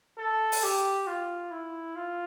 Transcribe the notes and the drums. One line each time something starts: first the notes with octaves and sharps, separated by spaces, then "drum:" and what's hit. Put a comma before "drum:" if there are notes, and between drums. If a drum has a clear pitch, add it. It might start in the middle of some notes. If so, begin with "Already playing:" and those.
A4
drum: open hi-hat
G4
F4
E4
F4